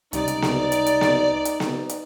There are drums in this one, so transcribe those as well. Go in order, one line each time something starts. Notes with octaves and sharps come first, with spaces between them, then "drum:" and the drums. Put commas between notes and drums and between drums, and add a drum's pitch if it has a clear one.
C#2 C3 G3 D#4 D5, drum: hi-hat
drum: hi-hat
drum: snare B3
drum: hi-hat
drum: hi-hat
drum: snare B3
drum: hi-hat
drum: snare B3
drum: hi-hat